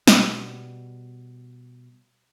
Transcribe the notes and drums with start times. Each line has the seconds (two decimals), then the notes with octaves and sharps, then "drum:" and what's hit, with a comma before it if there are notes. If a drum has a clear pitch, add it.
0.07 B2 G3, drum: snare